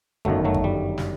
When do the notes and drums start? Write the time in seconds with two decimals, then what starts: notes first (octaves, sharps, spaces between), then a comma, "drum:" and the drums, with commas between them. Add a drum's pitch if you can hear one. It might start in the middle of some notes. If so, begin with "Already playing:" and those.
0.25 G1 F#2 D#3 F#3 A3, drum: kick G#1
0.45 F#3 A3
0.54 drum: kick G#1
0.64 G3
0.98 drum: snare